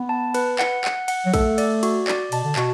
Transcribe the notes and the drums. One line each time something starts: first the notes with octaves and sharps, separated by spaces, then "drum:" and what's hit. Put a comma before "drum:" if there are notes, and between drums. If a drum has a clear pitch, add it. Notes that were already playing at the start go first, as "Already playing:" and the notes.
Already playing: B3
A5
B4, drum: cymbal
F#5, drum: clap
F#5, drum: clap
F#5, drum: cymbal
F#3
A3 A4, drum: kick, cymbal
D5, drum: cymbal
F#4, drum: cymbal
D5, drum: clap
B2 A5, drum: cymbal
D3
B2 F#4, drum: clap